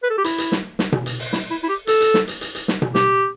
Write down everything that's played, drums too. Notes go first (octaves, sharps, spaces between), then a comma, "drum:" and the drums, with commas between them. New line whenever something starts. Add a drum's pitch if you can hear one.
B4
A4
G4
E4, drum: hi-hat
drum: hi-hat
drum: snare
drum: snare
drum: tom B2
drum: hi-hat
drum: open hi-hat
E4, drum: snare
E4
E4
G4
A4, drum: hi-hat
drum: hi-hat
drum: snare
drum: hi-hat
drum: hi-hat
drum: hi-hat
drum: snare
drum: tom B2
G4, drum: snare